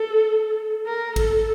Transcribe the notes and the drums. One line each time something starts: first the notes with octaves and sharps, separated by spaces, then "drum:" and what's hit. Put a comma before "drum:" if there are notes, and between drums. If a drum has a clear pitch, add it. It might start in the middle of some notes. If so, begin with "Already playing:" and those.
Already playing: A4
A#4
A4, drum: kick A1, cymbal